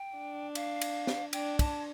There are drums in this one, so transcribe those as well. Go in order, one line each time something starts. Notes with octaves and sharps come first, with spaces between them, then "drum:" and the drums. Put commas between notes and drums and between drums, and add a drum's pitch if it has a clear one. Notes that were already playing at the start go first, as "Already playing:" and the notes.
Already playing: G5
D4
F5, drum: cymbal
drum: cymbal
drum: snare
D4 G5, drum: cymbal
A5, drum: kick, cymbal